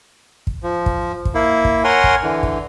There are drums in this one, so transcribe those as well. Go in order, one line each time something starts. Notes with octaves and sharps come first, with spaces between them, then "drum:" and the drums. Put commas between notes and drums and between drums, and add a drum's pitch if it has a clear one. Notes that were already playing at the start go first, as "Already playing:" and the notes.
drum: kick
F3
drum: kick
drum: kick
A#3 E4
drum: kick
A#4 C#5 F#5 G#5 C6
drum: kick
D3 E3
drum: kick